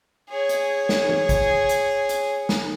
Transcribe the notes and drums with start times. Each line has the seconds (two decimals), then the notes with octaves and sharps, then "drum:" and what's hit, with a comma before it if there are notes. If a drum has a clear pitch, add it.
0.29 G#4 C#5
0.49 drum: hi-hat
0.89 drum: snare
1.09 drum: tom
1.29 drum: kick, hi-hat
1.69 drum: hi-hat
2.09 drum: hi-hat
2.49 drum: snare